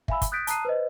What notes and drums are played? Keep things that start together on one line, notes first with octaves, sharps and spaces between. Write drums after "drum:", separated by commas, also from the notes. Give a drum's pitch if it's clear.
E5 F5 G#5 B5 E6, drum: kick
drum: kick, hi-hat
D#6 F#6 G6 A6 B6 D7
A5 A#5 D#6 F#6 C7 D#7, drum: hi-hat
B4 C5 D#5